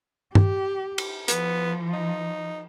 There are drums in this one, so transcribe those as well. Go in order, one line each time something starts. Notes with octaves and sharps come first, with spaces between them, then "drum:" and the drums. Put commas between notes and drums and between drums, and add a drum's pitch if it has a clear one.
G4, drum: tom G2
drum: cymbal
F3 B3, drum: hi-hat
D#4